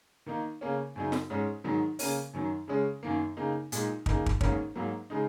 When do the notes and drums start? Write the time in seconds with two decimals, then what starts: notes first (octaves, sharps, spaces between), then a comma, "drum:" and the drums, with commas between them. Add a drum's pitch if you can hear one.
0.26 D#3 A#3 D#4
0.61 C#3 A#3 C#4
0.96 F#2 C#3 F#3 D#4
1.12 drum: snare
1.30 G#2 G#3 C#4
1.64 G#2 D#3 F#3
1.99 C#3 A#3 C#4, drum: open hi-hat
2.33 F#2 D#3 F#3
2.68 C#3 G#3 C#4
3.03 F#2 D#3 A#3
3.37 C#3 A#3 D#4
3.72 A#2 G#3 D#4, drum: hi-hat
4.06 C#3 A#3 D#4, drum: kick
4.26 drum: kick
4.41 G#2 D#3 A#3 C#4, drum: kick
4.75 G#2 F#3 A#3
5.10 C#3 G#3 D#4